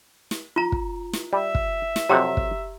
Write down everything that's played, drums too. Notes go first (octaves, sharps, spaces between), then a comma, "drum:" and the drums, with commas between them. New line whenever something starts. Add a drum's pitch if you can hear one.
drum: snare
F4 A#5
drum: kick
drum: snare
G3 E5
drum: kick
drum: snare
F2 C3 F#3 G4 A#5
drum: kick